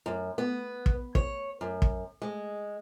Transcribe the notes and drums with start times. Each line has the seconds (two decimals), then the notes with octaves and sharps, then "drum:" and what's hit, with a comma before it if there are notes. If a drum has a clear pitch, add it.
0.06 F#2
0.38 B3
0.86 drum: kick
1.15 C#5, drum: kick
1.61 F#2
1.82 drum: kick
2.22 G#3